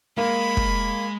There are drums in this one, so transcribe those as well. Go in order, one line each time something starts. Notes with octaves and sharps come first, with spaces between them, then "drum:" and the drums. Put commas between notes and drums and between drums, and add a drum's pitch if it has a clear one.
G#3 A#3 B5
drum: kick